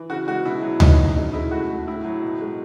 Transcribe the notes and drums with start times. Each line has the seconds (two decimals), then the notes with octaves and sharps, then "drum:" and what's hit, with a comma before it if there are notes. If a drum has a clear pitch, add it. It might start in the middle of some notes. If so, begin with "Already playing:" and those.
Already playing: E3
0.10 C#3 F#4
0.27 G#3 F#4
0.45 B2 E4
0.62 F#3
0.80 B2 D#4, drum: tom D2
0.99 F#3
1.16 C#3 D#4
1.33 G#3 E4
1.51 A3 F#4
1.69 A3
1.87 A2 E4
2.04 F#3
2.23 B2
2.41 G#3